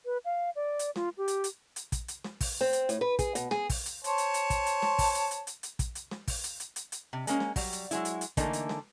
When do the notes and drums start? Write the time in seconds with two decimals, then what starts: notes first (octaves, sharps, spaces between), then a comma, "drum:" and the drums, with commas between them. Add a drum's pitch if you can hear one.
0.05 B4
0.25 F5
0.56 D5
0.79 drum: hi-hat
0.96 F4, drum: snare
1.18 G4
1.28 drum: hi-hat
1.44 drum: hi-hat
1.76 drum: hi-hat
1.92 drum: kick, hi-hat
2.08 drum: hi-hat
2.24 drum: snare
2.41 drum: kick, open hi-hat
2.61 C4
2.73 drum: hi-hat
2.89 A2, drum: hi-hat
3.01 B4
3.19 G#4, drum: kick, hi-hat
3.35 B2, drum: hi-hat
3.51 G#4, drum: snare
3.70 drum: kick, open hi-hat
3.86 drum: hi-hat
4.04 C5 C#5 A5, drum: hi-hat
4.18 drum: hi-hat
4.34 drum: hi-hat
4.50 drum: kick, hi-hat
4.66 drum: hi-hat
4.82 drum: snare
4.99 drum: kick, open hi-hat
5.15 drum: hi-hat
5.31 drum: hi-hat
5.47 drum: hi-hat
5.63 drum: hi-hat
5.79 drum: kick, hi-hat
5.95 drum: hi-hat
6.11 drum: snare
6.28 drum: kick, open hi-hat
6.44 drum: hi-hat
6.60 drum: hi-hat
6.76 drum: hi-hat
6.92 drum: hi-hat
7.13 C3
7.27 G#3 A#3 C#4, drum: hi-hat
7.40 drum: snare
7.56 F#3 G3, drum: kick, open hi-hat
7.73 drum: hi-hat
7.91 F#3 G#3 E4, drum: hi-hat
8.05 drum: hi-hat
8.21 drum: hi-hat
8.37 D3 E3 A3 A#3 D#4, drum: kick, hi-hat
8.53 drum: hi-hat
8.69 drum: snare